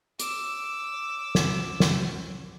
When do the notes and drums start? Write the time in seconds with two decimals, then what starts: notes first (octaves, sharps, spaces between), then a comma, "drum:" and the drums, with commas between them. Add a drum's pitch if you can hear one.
0.19 D6 E6, drum: hi-hat
1.35 drum: snare
1.80 drum: snare